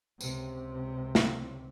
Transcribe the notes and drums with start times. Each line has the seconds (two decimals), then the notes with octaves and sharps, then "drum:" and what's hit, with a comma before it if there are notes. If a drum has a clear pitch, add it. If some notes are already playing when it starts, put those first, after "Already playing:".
0.21 C#2 C3, drum: tambourine
1.15 drum: snare